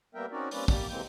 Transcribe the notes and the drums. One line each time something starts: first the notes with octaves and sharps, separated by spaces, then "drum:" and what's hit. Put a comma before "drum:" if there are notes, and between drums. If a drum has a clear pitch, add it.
G3 A#3 B3 A#4 E5 G5
C4 C#4 D#4 F#4 A#4 D5
G3 A#3 C4 C#4 B4 D5, drum: open hi-hat
G3 A#3 G4 D5, drum: kick, open hi-hat
C3 E3 G#3 A#3 C4 G5